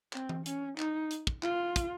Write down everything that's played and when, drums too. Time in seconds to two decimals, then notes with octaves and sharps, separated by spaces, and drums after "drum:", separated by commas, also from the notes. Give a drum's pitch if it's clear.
0.13 C4, drum: clap
0.29 drum: tom E3
0.46 C#4, drum: hi-hat
0.78 D#4, drum: clap
1.11 drum: hi-hat
1.27 drum: kick
1.43 F4, drum: clap
1.76 drum: kick, hi-hat